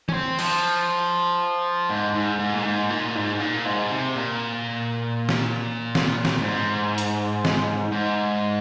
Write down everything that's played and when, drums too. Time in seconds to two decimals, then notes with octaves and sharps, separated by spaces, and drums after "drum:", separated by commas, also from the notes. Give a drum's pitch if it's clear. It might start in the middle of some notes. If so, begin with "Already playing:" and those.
0.09 C#4, drum: tom E3
0.14 C4
0.39 F3, drum: cymbal
1.89 G#2
2.15 G#2
2.39 G#2
2.53 A#2
2.65 G#2
2.90 A#2
3.15 G#2
3.40 A#2
3.65 G#2
3.90 C3
4.16 A#2
5.29 drum: snare
5.95 drum: snare
6.25 drum: snare
6.41 G#2
6.98 drum: hi-hat
7.45 drum: snare
7.92 G#2